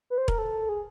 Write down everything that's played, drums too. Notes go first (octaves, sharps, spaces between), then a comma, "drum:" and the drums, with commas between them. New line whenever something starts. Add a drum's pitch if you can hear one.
B4
C5
A#4, drum: kick E1
A4
G#4